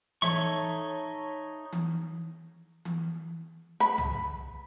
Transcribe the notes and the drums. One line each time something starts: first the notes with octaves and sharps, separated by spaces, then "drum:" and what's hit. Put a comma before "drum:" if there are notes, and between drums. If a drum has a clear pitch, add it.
D#4 A4 C#5 E5 C#6, drum: tom E3
drum: tom E3
drum: tom E3
B5
drum: tom